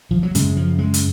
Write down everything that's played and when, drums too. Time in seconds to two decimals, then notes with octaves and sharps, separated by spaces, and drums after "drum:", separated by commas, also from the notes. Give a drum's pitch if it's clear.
0.11 F3
0.23 F#3
0.35 F#2 C#3 G#3, drum: hi-hat
0.57 F3
0.79 G#3
0.94 drum: hi-hat